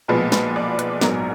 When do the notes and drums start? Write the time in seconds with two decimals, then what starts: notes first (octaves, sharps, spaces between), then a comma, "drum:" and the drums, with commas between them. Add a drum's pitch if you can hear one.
0.08 B1 A#2 F3 G#3 B3 B4
0.32 B4, drum: snare
0.56 D5
0.79 B4, drum: hi-hat
1.01 A#1 G#2 F#3 B3 A#4, drum: snare